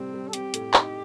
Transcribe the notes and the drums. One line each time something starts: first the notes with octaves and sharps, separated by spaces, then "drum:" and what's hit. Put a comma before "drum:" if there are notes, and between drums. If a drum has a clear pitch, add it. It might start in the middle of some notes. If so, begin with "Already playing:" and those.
Already playing: A2 C3 G3 C4
G3
A4
C4 G4, drum: hi-hat
A2, drum: hi-hat
D#4, drum: clap